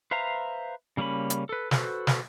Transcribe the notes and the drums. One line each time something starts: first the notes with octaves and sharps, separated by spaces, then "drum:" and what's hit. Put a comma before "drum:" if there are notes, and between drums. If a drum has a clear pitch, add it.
B4 C5 E5 F5 A#5
C#3 G3 A#3 C#4 B5
drum: hi-hat
A4 B4
F#4 A4 B4 C5, drum: snare
drum: snare